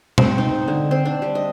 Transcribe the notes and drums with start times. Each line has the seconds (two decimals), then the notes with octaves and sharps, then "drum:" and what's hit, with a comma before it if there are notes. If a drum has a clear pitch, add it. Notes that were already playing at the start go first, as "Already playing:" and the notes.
0.18 C4, drum: tom B2
0.38 D#4
0.68 D3
0.91 C4
1.05 D4
1.22 G3
1.35 D#5